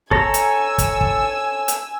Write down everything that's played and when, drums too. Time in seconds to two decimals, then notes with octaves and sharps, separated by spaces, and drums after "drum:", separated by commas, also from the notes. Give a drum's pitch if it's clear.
0.11 A4 C#5 G#5 A#5 E6, drum: kick
0.34 drum: hi-hat
0.78 drum: kick, hi-hat
1.01 drum: kick
1.68 drum: hi-hat